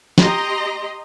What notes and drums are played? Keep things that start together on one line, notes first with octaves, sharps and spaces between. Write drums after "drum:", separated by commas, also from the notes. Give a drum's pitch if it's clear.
G4 D#5 A#5 C6, drum: snare